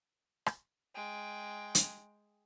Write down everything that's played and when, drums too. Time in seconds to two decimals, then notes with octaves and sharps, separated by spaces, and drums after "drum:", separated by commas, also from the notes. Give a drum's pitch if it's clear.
0.46 drum: rim click
0.95 G#3 G5
1.75 drum: hi-hat